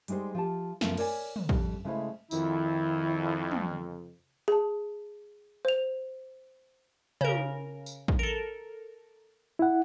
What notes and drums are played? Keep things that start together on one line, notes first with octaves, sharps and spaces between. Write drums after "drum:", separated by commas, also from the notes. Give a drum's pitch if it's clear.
G3 G#3 D#4 G4 C5, drum: hi-hat
F3 G4 A5
F#2 C#3 F3 A3 B3, drum: snare
A#4 C#5 D5 F5 G#5, drum: cymbal
drum: tom
F2 G3, drum: kick
C#3 G#3 A3 E4 B4 C5
F2 D#3 E4, drum: tambourine
drum: tom
G#4 A5
C5 F7
C#3 A#4, drum: tom
drum: tambourine
drum: kick
A4 A#4
E4 F#5